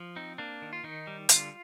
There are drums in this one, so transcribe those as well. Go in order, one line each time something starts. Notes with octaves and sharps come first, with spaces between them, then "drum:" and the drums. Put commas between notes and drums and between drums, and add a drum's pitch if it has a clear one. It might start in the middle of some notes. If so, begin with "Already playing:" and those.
Already playing: F3
C4 D#4
A#3 D4
D#3
F4
D#3 D#4
G3
D3 F4, drum: hi-hat